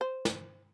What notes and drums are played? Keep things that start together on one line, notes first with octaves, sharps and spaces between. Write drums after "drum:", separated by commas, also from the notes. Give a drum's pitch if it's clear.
C5
drum: snare